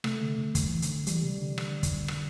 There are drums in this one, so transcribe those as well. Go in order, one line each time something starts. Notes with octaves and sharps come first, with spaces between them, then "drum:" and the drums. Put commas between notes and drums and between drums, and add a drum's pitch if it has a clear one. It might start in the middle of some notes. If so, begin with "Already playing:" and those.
C3 A3, drum: rim click
D3
D3
D3, drum: kick, hi-hat
E3
D3, drum: hi-hat
E3 G3, drum: hi-hat
C3
D3
D3, drum: rim click
drum: kick, hi-hat
drum: rim click